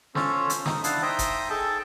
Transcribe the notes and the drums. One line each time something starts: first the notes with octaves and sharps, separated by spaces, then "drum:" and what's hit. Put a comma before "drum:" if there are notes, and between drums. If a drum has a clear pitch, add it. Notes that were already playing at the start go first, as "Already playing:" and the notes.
C#4 F4 A4 C5 C#5, drum: snare
drum: hi-hat
D#4 D#6, drum: snare
D4 E4 F5 F#5 A5 D#6, drum: hi-hat
D#4 C5 E5 G5 A#5 D#6
drum: kick F#1, hi-hat
G#4 A4 G5 A5